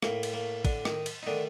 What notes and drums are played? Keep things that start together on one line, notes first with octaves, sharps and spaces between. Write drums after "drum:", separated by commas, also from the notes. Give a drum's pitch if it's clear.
A2 A3 A#3, drum: rim click
drum: cymbal
A#3
D3 D4, drum: kick, cymbal
D#3 D#4, drum: rim click
drum: cymbal
D#4
D3 D#3 A3 D4